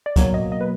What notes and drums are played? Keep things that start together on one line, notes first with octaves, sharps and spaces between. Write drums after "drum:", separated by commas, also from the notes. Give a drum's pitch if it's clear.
D5
B2 F#3 A#3 C#5, drum: kick C#2, hi-hat
D#5
D#5
B4